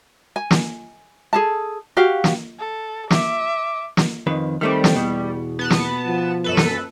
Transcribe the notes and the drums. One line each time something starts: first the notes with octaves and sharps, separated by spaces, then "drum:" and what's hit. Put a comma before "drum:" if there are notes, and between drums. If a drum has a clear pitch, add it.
G#5
drum: snare
G#4 A4 A5
F#4 G4 F5
drum: snare
A4
E5 D6, drum: snare
drum: snare
F2 D#3 B4
D#3 G3 A3 C4
drum: snare
E2 B2
B3 A5
drum: snare
F3
F#2 A4 B4
drum: snare